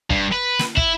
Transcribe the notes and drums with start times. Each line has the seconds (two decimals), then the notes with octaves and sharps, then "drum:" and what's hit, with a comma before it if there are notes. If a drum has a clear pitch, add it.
0.10 G2, drum: kick
0.33 B4
0.59 drum: snare
0.77 E4, drum: kick